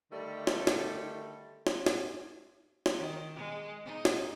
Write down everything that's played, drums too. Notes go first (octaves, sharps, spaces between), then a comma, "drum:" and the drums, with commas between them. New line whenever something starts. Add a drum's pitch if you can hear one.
D3 D#3 G3 A3 A4
drum: snare
drum: snare
drum: snare
drum: snare
drum: snare
D#3
G#3
D#4
drum: snare